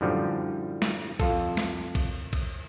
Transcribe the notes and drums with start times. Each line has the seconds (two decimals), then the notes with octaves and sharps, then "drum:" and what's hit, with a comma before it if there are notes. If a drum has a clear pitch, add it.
0.01 F#2 A2 D3 F3 G3
0.82 drum: snare
1.20 F2 F4 A4, drum: kick, cymbal
1.57 drum: snare
1.95 drum: kick, cymbal
2.33 drum: kick, cymbal